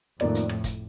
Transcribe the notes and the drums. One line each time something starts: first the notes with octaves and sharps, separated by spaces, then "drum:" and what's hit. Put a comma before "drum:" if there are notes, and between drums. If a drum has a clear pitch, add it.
F2 A2 D#3 A#3 F4 A#4 D5, drum: rim click
drum: hi-hat
drum: rim click
drum: kick, hi-hat